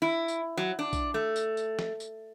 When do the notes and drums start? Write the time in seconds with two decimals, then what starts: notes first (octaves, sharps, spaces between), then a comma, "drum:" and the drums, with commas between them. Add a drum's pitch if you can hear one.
0.02 E4
0.28 drum: tambourine
0.57 F#3
0.79 D4
0.93 drum: kick, tambourine
1.14 A3
1.36 drum: tambourine
1.57 drum: tambourine
1.79 drum: snare
2.00 drum: tambourine